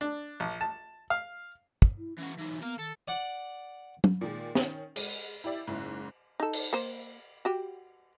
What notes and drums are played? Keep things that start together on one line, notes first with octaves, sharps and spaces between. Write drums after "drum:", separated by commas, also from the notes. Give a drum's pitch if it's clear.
D4
A#1
A5
F5
drum: kick
E4
E3 C#4 F#4
E3 F#3 D#4
B3 A#4 F5, drum: tambourine
D#3 A4
D5 F#5
drum: tom
A#2 D#3 G#3
D#3 C#4, drum: snare
G#3 D#7, drum: cymbal
E4 G4 D5 E5
F#1 G#2 E4
D#4 A4
drum: cymbal
A#3 C5
F#4 G4